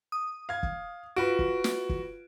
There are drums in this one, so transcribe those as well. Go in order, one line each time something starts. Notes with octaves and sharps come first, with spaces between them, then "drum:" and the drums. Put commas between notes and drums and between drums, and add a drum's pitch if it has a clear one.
D#6
F5 G#6
drum: kick
F4 F#4 B4 D7
drum: kick
drum: snare
drum: kick